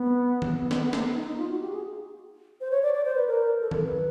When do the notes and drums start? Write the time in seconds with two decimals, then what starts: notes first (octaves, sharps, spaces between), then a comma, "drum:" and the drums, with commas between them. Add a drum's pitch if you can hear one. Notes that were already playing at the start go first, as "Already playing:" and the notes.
Already playing: B3
0.42 drum: tom D#3
0.59 B3
0.71 B3, drum: snare
0.82 B3
0.93 A#3, drum: snare
1.04 B3
1.15 D#4
1.26 D#4
1.37 F4
1.49 F#4
1.60 G4
1.72 G#4
2.61 C5
2.71 C#5
2.82 D5
2.94 D5
3.05 C5
3.15 B4
3.27 A#4
3.61 A4
3.71 A#4, drum: tom D#3
3.83 B4